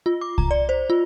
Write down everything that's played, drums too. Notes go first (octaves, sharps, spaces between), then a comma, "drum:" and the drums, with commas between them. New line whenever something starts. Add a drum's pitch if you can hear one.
F4
D6
A#5, drum: kick C2
D5
C5
F4